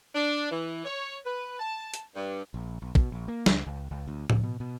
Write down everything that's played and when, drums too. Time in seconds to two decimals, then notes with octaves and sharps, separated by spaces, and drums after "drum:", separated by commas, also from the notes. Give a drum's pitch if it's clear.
0.15 D4
0.51 E3
0.85 C#5
1.24 B4
1.59 A5
1.94 drum: hi-hat
2.15 G2
2.54 A#1
2.82 B1
2.95 B2, drum: kick
3.12 A#1
3.28 A#3
3.46 C#2, drum: snare
3.67 C#2
3.91 C#2
4.08 D2
4.30 C#2, drum: tom A2
4.44 B2
4.60 B2